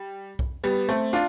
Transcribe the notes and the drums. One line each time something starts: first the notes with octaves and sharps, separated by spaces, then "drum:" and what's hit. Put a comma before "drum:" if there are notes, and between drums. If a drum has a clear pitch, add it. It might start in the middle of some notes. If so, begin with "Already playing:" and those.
Already playing: G3
drum: kick B1
G3 B3
A3 C4
D4 F4